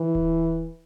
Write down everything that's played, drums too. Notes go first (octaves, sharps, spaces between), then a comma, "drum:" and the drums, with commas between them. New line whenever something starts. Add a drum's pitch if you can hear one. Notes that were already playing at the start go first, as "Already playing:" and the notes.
Already playing: E3
drum: kick D1